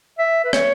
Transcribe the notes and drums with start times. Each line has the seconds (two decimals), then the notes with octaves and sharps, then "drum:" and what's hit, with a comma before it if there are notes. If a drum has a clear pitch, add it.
0.19 E5
0.44 B4
0.53 C#5, drum: rim click